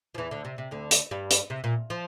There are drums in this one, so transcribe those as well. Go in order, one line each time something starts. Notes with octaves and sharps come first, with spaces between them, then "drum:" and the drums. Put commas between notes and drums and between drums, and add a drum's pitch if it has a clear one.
F3
E2 E3
D2 D3
C3
C3
D2 D3
drum: hi-hat
G2 G3
drum: hi-hat
C3
A#2
F3